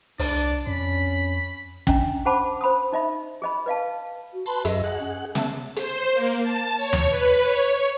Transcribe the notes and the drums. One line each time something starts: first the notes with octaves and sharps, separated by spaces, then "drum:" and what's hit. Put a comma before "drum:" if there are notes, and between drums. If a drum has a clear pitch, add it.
C2 D4 D5, drum: open hi-hat
F2 C#4 B5
C#4 D4 D#5 A#5, drum: kick
G#4 C5 F#5 A5 B5 D6
C5 B5 C6 D#6
D#4 D#5 E5 B5
G#4 D#5 B5
B4 D#5 F5 A5
F#4
B4 A5 B5 C6
F#2 D#5 E5, drum: hi-hat
G#4 F#5
C#4
B3 E5 A5, drum: snare
C5, drum: hi-hat
A#3
A5
C#5
drum: tom D#2
B4
C#5